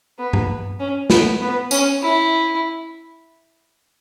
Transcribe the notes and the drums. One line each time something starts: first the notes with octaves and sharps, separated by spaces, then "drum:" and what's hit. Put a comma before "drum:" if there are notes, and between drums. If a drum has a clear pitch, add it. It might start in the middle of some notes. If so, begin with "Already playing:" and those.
B3
drum: tom G2
C#4
B3, drum: snare
B3
C#4, drum: tambourine
E4